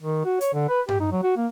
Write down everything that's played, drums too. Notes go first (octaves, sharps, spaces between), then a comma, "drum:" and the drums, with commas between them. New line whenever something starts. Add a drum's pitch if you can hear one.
D#3
F#4
C#5, drum: hi-hat
D3
B4
G4, drum: tom G2
D#4
F#3
F#4
A#3